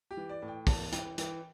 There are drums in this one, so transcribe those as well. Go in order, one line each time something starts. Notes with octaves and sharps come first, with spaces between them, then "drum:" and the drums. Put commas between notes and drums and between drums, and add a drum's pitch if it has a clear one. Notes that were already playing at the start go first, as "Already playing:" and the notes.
G4
E3
D5
A2
G5
E2 A5, drum: kick, open hi-hat
E3 G5, drum: hi-hat
E3 G5, drum: hi-hat